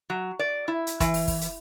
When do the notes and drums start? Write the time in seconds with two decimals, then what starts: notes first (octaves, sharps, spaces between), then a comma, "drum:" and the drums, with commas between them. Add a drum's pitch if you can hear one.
0.10 F#3
0.39 D5
0.68 E4
0.87 drum: hi-hat
1.00 E3, drum: kick, hi-hat
1.14 drum: open hi-hat
1.28 drum: kick, open hi-hat
1.41 drum: hi-hat